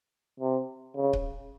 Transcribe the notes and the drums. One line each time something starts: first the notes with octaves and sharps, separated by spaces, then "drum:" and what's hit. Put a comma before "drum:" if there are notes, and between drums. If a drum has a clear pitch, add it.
C3
C#3
drum: kick C#1